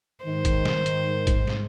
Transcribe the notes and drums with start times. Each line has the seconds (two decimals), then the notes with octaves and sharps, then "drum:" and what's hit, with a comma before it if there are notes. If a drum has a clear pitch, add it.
0.24 G#2 D#3 C5
0.45 drum: kick A1, hi-hat
0.65 drum: snare
0.86 drum: hi-hat
1.27 drum: kick A1, hi-hat
1.47 drum: snare